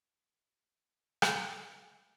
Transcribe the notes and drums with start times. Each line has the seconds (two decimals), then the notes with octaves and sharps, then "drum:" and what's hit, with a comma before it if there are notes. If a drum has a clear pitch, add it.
0.09 G2
1.22 drum: rim click
1.89 A2